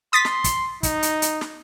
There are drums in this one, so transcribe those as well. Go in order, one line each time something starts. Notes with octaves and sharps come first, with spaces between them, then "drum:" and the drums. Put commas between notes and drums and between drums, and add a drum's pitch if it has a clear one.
C6 D#6 A6 B6
drum: snare
drum: kick, hi-hat
D#4, drum: kick, hi-hat
drum: hi-hat
drum: hi-hat
drum: snare